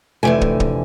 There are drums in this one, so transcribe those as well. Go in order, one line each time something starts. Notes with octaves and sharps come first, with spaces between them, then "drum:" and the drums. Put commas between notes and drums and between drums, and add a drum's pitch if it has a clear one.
F1 D3 E3 A3 G4 G#5
drum: kick
drum: kick